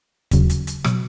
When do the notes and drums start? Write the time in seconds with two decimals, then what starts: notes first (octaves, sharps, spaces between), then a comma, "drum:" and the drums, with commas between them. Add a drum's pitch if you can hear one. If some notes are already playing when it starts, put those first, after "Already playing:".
0.31 D#2 C#3 F#3, drum: kick D1, hi-hat
0.50 drum: hi-hat
0.67 drum: hi-hat
0.84 B2 F#3, drum: rim click